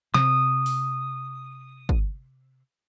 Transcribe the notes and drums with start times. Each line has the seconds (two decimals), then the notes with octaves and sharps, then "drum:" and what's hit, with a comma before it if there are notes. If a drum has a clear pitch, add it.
0.14 C3 D#6, drum: snare
0.66 drum: open hi-hat
1.89 drum: kick